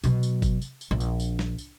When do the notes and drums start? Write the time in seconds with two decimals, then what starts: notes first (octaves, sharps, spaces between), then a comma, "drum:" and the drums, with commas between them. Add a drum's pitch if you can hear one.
0.04 B2 F#3, drum: tambourine
0.23 drum: tambourine
0.42 drum: kick G1, tambourine
0.62 drum: tambourine
0.81 drum: tambourine
0.91 A#1
1.00 drum: tambourine
1.20 drum: tambourine
1.39 drum: snare
1.58 drum: tambourine